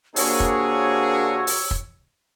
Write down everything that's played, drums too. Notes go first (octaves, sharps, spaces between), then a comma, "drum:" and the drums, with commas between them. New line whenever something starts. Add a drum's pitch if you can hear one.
C3 A#3 D4 F#4 G#4 C#5 E6, drum: open hi-hat
drum: kick
drum: open hi-hat
drum: kick